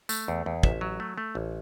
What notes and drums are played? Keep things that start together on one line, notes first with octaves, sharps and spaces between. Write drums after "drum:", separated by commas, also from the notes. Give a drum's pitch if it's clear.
A3, drum: tambourine
E2
E2
A1 E5, drum: kick
F#3
A3
A3
A1